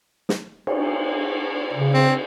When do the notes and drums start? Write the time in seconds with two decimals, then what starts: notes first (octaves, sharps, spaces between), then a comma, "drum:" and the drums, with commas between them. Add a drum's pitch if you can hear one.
0.29 drum: snare
0.67 drum: cymbal
1.73 C#3
1.94 C4